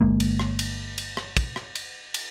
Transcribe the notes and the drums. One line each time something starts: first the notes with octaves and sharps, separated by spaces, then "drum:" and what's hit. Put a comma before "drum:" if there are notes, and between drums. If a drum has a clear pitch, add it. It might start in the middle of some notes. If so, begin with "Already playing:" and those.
G1 G#3 A#3
drum: cymbal
drum: rim click
drum: cymbal
drum: cymbal
drum: rim click
drum: kick, cymbal
drum: rim click
drum: cymbal
drum: cymbal